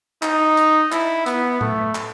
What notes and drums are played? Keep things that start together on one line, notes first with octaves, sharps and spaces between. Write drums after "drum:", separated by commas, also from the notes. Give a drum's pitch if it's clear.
D#4, drum: clap
drum: hi-hat
E4, drum: clap
B3, drum: hi-hat
A3, drum: tom A2
drum: clap